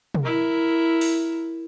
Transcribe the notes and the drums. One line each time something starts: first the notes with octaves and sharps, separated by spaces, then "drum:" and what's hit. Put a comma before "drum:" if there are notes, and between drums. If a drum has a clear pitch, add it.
drum: tom
E4 A#4
drum: open hi-hat